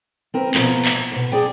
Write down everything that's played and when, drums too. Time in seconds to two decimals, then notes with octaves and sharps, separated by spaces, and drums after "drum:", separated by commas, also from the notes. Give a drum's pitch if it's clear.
0.34 C4 A#4 B4
0.54 B2 D3 F3 A#3, drum: clap
0.70 drum: hi-hat
0.85 drum: clap
1.12 E2 B2
1.32 D4 G#4 D5 G5, drum: hi-hat